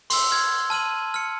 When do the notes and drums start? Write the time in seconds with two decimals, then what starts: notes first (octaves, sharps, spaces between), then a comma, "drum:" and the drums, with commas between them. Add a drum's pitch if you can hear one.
0.10 C6 E6, drum: open hi-hat
0.31 F6 G#6
0.70 A5 F6 D#7 F#7
1.14 F6 C#7